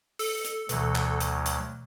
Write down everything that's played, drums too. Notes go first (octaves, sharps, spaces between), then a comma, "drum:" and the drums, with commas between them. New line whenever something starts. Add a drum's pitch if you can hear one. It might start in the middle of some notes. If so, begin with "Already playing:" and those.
A4, drum: open hi-hat
drum: hi-hat
D2 B2 E3 F#3, drum: hi-hat
drum: clap
drum: hi-hat
drum: hi-hat